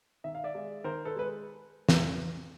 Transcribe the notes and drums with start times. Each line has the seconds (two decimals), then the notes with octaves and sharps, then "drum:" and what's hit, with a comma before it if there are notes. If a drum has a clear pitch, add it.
0.24 D#3 E5
0.35 F5
0.44 D5 E5
0.55 G#3
0.84 D#3 A#4 C5
1.05 A4 B4
1.16 G#3 B4
1.89 drum: snare